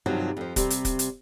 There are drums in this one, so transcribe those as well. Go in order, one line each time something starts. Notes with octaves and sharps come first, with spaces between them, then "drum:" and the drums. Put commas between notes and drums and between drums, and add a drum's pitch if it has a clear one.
G2 C3 D#3 F3 F#3
F2 F3
C3 G3 C4, drum: kick, hi-hat
drum: hi-hat
drum: kick, hi-hat
drum: hi-hat